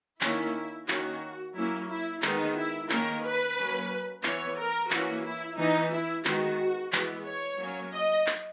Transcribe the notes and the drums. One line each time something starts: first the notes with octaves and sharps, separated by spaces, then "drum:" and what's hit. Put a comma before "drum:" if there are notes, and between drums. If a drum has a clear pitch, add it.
D#3 A#3 C#4 E4, drum: clap
D#3 A#3 C#4 F#4, drum: clap
F#3 A#3 C#4 E4
E4
D#3 G#3 B3 D#4, drum: clap
E4
D#3 A#3 C#4 A#4, drum: clap
B4
F#3 A#3 C#4
E3 B3 C#5, drum: clap
A#4
E3 A#3 C#4 F#4, drum: clap
E4
E3 B3 D#4
E4
D#3 G#3 B3 F#4, drum: clap
E3 G#3 B3, drum: clap
C#5
F#3 A#3 C#4
D#5
drum: clap